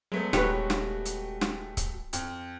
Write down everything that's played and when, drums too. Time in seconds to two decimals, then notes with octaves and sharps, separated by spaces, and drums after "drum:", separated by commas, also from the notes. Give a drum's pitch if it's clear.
0.12 F#3 G#3 A3 B3
0.33 D#1 F#4 G4 B4 C#5, drum: snare
0.70 drum: snare
1.06 drum: hi-hat
1.41 drum: snare
1.77 drum: kick C#1, hi-hat
2.13 F2, drum: hi-hat